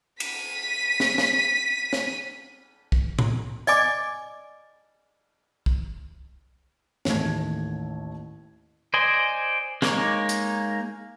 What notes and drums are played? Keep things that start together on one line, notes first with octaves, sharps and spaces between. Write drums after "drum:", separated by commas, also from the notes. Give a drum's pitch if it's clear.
B6 D#7, drum: cymbal
drum: snare
drum: snare
drum: snare
drum: kick
drum: tom A2
D5 D#5 G#5 D6, drum: tambourine
drum: kick
A1 D#2 A3 G#6, drum: snare
C5 D5 D#5 G#5
G#3 A#3 D#4 C#5 D6, drum: snare
drum: hi-hat